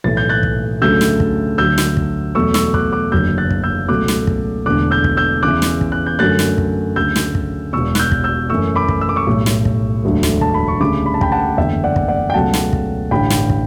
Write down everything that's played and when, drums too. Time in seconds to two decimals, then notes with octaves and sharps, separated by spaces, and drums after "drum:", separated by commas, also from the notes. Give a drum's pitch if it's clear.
0.04 B1 A2 E3 A3 A6
0.17 G6
0.29 F#6 A6
0.43 drum: kick
0.82 D2 C#3 F#3 A3 E6 G6
1.01 drum: snare
1.20 drum: kick
1.58 D2 D3 F#3 E6 G6
1.78 drum: snare
1.97 drum: kick
2.35 E2 B2 F#3 A3 C#6 E6
2.54 C#6 E6, drum: snare
2.74 D6 F#6, drum: kick
2.92 D6 F#6
3.12 F#1 E2 D3 F#3 E6 G6
3.38 F#6 A6
3.51 drum: kick
3.64 E6 G6
3.88 C#2 B2 F#3 A3 D6 F#6
4.08 drum: snare
4.27 drum: kick
4.66 E1 E2 D3 A3 D6 F#6
4.91 E6 G6
5.04 drum: kick
5.17 E6 G6
5.43 E2 C#3 E3 D6 F#6
5.62 drum: snare
5.81 drum: kick
5.92 F#6
6.06 G6
6.19 F#2 D3 F#3 A3 F#6 A6
6.39 drum: snare
6.58 drum: kick
6.96 D2 C#3 F#3 E6 G6
7.16 drum: snare
7.35 drum: kick
7.73 E1 E2 B2 C#6 E6
7.95 F#6, drum: snare
7.99 E6 G6
8.12 drum: kick
8.24 E6 G6
8.49 F#2 E3 A3 C#6 E6
8.75 B5 D6
8.89 drum: kick
9.01 E6
9.09 D6
9.16 C#6 E6
9.27 B1 A2 G3
9.46 drum: snare
9.65 drum: kick
10.04 E1 D2 D3 F#3 A3
10.23 drum: snare
10.41 A5, drum: kick
10.54 B5
10.68 C#6
10.80 D2 C#3 G3 B5 D6
11.06 B5
11.14 A5
11.21 G5 B5, drum: kick
11.32 F#5 A5
11.57 F#1 E2 D3 A3 E5 G5
11.84 D5 F#5
11.96 drum: kick
12.08 D5 F#5
12.30 G5
12.34 C#2 B2 F#3 A3 F#5 A5
12.54 drum: snare
12.73 drum: kick
13.11 A1 G2 D3 G3 G5 B5
13.30 drum: snare
13.50 drum: kick